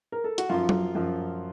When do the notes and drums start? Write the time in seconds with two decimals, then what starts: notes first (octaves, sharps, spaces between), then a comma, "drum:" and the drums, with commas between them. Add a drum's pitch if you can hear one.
0.12 A#4
0.24 A4
0.38 F#4, drum: hi-hat
0.49 F#2 F3 F4
0.69 drum: tom F#3
0.95 F#2 F3